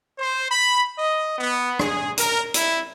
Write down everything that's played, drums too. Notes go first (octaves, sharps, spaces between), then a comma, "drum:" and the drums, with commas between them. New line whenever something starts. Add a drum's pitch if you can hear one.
C5
B5
D#5
B3
G#4, drum: rim click
A#4, drum: hi-hat
E4, drum: hi-hat